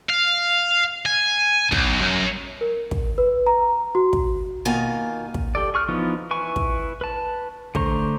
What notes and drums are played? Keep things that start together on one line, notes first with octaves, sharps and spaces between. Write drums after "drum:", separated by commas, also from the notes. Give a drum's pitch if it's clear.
F5
G#5
B1, drum: kick
F#2
A#4
drum: kick
B4
A#5
F#4
drum: kick
B2 D#3 A#3 F4 G#5
drum: kick
G4 A4 D5
G#4 C#6 F6 F#6
E3 F3 B3 D#4 F4
E4 B4 G#5 C#6
drum: kick
B4 A5
D3 A3 C5 A#5 C#6, drum: kick